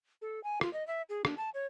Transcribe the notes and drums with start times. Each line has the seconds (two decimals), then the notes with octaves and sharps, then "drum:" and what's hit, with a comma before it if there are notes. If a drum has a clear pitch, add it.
0.22 A4
0.44 G#5
0.61 F4, drum: rim click
0.73 D#5
0.87 E5
1.09 G#4
1.25 D4, drum: rim click
1.37 A5
1.54 C#5